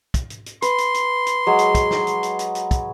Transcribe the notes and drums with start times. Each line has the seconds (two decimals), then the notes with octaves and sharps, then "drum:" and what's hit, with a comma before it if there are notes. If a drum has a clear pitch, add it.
0.14 drum: kick, hi-hat
0.30 drum: hi-hat
0.46 drum: hi-hat
0.62 B4 C6, drum: hi-hat
0.78 drum: hi-hat
0.94 drum: hi-hat
1.26 drum: hi-hat
1.46 F#3 G#3
1.59 drum: hi-hat
1.75 drum: kick, hi-hat
1.91 drum: snare
2.07 drum: hi-hat
2.23 drum: hi-hat
2.39 drum: hi-hat
2.55 drum: hi-hat
2.71 drum: kick, hi-hat